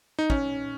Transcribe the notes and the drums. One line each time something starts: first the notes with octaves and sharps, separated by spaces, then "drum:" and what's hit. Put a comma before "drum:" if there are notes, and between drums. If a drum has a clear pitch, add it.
D#4
C#4, drum: kick